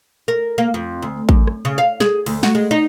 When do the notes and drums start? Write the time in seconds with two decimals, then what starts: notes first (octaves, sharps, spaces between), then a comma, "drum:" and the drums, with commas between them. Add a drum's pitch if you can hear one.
0.28 A#4
0.58 A#3
0.74 F2
1.02 D2
1.29 F#2, drum: kick A1
1.47 drum: rim click
1.65 C#3
1.78 F5
2.00 G#4, drum: snare
2.26 D2, drum: cymbal
2.43 F#4, drum: snare
2.55 G#3
2.71 D#4